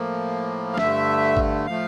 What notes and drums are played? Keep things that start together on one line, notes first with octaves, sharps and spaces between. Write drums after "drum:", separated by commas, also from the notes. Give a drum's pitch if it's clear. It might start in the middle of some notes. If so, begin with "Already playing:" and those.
Already playing: A2 F3 A#3
F5
G2 D3 A3 E5, drum: snare
drum: kick G#1
A2 F3 A3 F5